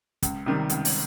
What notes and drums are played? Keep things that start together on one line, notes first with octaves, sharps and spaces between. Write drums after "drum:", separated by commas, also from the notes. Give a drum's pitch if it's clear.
C#2, drum: kick, hi-hat
C3 D#3 G3
C#2, drum: hi-hat
drum: open hi-hat